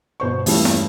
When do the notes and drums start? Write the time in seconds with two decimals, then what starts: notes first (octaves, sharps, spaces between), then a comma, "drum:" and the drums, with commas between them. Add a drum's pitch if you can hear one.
0.20 G1 B2 C5 C#6
0.46 E2 G2 F3 G3 A3 C#4, drum: open hi-hat
0.65 drum: snare E4